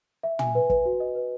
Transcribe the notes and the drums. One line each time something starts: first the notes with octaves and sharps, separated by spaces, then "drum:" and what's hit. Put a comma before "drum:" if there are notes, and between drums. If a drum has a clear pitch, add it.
E5
G#5, drum: tom
B4
B4, drum: kick
F#4
D#5
B4